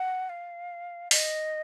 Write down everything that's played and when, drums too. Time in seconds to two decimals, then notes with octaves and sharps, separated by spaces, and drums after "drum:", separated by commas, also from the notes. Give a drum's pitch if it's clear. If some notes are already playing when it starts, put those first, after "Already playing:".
Already playing: F#5
0.29 F5
1.11 D#5, drum: open hi-hat